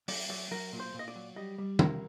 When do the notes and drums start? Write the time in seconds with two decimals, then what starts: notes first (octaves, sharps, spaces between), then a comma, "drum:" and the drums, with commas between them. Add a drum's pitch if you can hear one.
0.08 F#3 D5, drum: open hi-hat
0.29 F#3 D5
0.51 F#3 A#4
0.72 A#2
0.80 C5
0.94 A#2
0.99 D#5
1.08 D5
1.15 F#3
1.36 G3 D#5
1.58 G3
1.79 C3 A#4, drum: tom